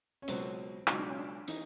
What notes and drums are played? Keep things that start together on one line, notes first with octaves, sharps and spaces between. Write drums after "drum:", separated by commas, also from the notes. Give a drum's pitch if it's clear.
C#4
C#2 B2 F#3 C4, drum: hi-hat
C#2 B2 F#3 D#4, drum: clap
D4
C#4
D4
E3 D#4, drum: hi-hat